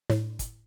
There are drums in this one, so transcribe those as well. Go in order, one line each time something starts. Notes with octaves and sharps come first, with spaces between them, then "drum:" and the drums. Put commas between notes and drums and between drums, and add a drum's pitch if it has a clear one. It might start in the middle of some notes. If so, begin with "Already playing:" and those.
A2, drum: snare
drum: kick, hi-hat